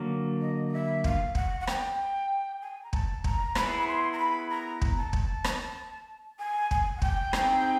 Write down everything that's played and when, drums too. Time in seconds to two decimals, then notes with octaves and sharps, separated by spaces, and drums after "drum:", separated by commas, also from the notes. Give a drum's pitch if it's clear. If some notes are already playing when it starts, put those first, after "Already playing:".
Already playing: D3 F#3 A#3
0.41 D#5
0.68 D#5
0.73 E5
1.04 F5, drum: kick
1.35 F#5, drum: kick
1.60 F#5
1.67 G5, drum: rim click
2.62 G#5
2.83 A#5
2.93 A5, drum: kick
3.24 A#5, drum: kick
3.55 B3 E4 G#4 C#5 B5, drum: rim click
3.79 B5
3.87 C6
4.12 A#5
4.19 B5
4.50 A#5
4.81 drum: kick
4.98 A5
5.13 drum: kick
5.44 drum: rim click
6.39 G#5
6.71 G#5, drum: kick
6.97 F#5
7.02 G5, drum: kick
7.33 C4 D#4 G#4, drum: rim click